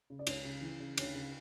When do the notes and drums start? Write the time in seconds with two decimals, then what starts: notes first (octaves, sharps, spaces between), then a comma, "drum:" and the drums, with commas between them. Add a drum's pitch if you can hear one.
0.10 C#3
0.19 D5
0.27 C#2 C#5, drum: cymbal
0.45 C#3
0.62 E3
0.80 C#3
0.98 D2 C#5, drum: cymbal
1.15 C#3